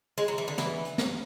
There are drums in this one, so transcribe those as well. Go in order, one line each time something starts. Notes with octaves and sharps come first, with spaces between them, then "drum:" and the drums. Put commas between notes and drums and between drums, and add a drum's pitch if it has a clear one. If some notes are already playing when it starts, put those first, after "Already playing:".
G#3
F#3
E3
D3
E3, drum: snare
drum: hi-hat
drum: snare